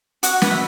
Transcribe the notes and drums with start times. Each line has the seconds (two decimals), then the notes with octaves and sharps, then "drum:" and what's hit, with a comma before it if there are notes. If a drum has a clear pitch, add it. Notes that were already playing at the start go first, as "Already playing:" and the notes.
0.23 F#4 F#5, drum: hi-hat
0.42 B4 F#5, drum: snare
0.51 E5